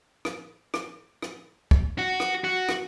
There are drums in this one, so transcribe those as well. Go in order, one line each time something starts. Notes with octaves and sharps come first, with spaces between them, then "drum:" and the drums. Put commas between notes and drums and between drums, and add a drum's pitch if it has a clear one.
drum: rim click
drum: rim click
drum: rim click
drum: kick
F#4
drum: rim click
F#4
drum: rim click